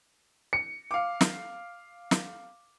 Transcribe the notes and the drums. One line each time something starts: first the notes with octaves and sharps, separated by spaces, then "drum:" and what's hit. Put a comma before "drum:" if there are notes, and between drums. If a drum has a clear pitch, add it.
C#7
F5 D6
drum: snare
drum: snare